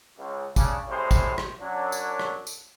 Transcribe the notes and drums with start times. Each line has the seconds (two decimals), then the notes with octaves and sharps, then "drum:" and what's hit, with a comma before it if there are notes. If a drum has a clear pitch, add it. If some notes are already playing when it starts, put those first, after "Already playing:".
0.19 C#2
0.56 C#3 D4, drum: kick, tambourine
0.89 A2 C#3 G3 G#3 C4 C5
1.11 drum: kick, tambourine
1.38 drum: rim click
1.60 F#2 F#3 D4
1.92 drum: tambourine
2.20 drum: rim click
2.47 drum: tambourine